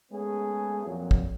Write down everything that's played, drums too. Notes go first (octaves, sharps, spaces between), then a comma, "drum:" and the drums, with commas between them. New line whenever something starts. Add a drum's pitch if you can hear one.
G#3 A3 B3 C#4 G#4
F2 A#2 F#3
drum: kick